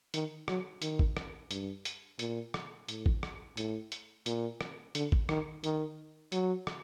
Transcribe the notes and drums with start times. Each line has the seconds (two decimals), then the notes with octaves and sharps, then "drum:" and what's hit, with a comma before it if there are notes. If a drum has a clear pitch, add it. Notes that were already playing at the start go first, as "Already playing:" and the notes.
0.14 D#3, drum: hi-hat
0.48 F#3, drum: rim click
0.82 D#3, drum: hi-hat
0.99 drum: kick A1
1.17 drum: rim click
1.51 G2, drum: hi-hat
1.85 drum: hi-hat
2.19 A#2, drum: hi-hat
2.54 drum: rim click
2.88 A2, drum: hi-hat
3.06 drum: kick A1
3.23 drum: rim click
3.57 A2, drum: hi-hat
3.92 drum: hi-hat
4.26 A#2, drum: hi-hat
4.61 drum: rim click
4.95 D3, drum: hi-hat
5.12 drum: kick A1
5.29 D#3, drum: rim click
5.64 D#3, drum: hi-hat
6.32 F#3, drum: hi-hat
6.67 drum: rim click